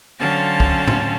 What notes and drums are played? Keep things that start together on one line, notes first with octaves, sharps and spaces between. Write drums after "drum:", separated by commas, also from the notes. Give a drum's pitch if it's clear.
D3 F#3 C4 C#4 F5 A5
drum: kick
drum: tom A2